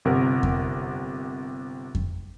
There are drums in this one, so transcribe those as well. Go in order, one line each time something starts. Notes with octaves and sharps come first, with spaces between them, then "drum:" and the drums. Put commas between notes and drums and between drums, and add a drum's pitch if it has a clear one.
G1 C3 A#4 F#5
drum: kick F2
drum: kick F2